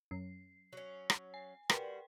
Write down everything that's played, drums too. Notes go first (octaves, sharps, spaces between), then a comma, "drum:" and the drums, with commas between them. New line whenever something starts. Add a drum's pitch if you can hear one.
F#2 C7
F#3 C#4
drum: rim click
G#5 C7
G3 G#3 F#4 A#4 B4 G5, drum: rim click